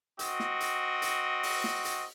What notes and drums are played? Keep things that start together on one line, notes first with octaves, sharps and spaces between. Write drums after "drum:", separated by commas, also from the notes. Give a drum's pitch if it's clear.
C4 F#4 D#5, drum: hi-hat
drum: snare
drum: hi-hat
drum: hi-hat
drum: open hi-hat
drum: snare
drum: hi-hat